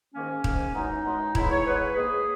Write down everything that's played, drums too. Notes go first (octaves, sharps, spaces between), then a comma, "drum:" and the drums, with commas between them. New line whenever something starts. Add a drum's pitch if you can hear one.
G#2 D#3 A#3 C#4
G#2 D#3 A#3, drum: kick D#1
F#2 E3 G#3 B3 D#4
F#2 E3 G#3 B3
C#3 E3 G#3 B3 E4, drum: kick D#1
C#5
C#3 E3 G#3 B3 B4
G#2 D#3 A#3 G#4